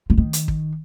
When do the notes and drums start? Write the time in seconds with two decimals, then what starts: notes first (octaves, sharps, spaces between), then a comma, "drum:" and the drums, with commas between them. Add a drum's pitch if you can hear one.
0.10 F3
0.18 D#3
0.33 drum: hi-hat
0.48 drum: kick